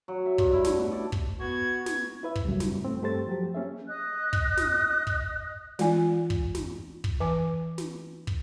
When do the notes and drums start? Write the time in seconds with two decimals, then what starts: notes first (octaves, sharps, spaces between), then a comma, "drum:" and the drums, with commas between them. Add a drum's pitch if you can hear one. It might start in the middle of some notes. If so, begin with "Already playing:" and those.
0.08 F#3
0.26 E5
0.38 G2, drum: kick
0.53 E4
0.64 A3, drum: snare
0.79 B2
0.91 D5
1.12 drum: kick
1.40 B3 F#4 G#6
1.86 drum: snare
2.23 E4 B4 E5
2.35 drum: kick
2.45 F#2 A2 C#3 G3
2.60 drum: snare
2.85 A3 C4
3.02 G2 A3 G4 A4 C5 A6
3.27 F3 F#3 G4
3.54 A#3 C#4 G#4 E5
3.88 D#5 D#6 F#6
4.33 drum: kick
4.57 drum: snare
5.07 drum: kick
5.79 E3 G#3 F4 D5 G#5, drum: snare
6.30 drum: kick
6.55 drum: snare
7.04 drum: kick
7.20 E3 B4 G#5 D6
7.78 drum: snare
8.27 drum: kick